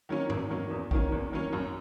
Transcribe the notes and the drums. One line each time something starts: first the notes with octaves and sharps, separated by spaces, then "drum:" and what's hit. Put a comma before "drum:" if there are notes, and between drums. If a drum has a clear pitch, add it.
D#3 F#3 A#3 C#4
E2, drum: tom G2
D#3 F#3 A#3 C#4
E2
D#3 F#3 A#3 C#4, drum: kick A#1
E2
D#3 F#3 A#3 C#4
F#2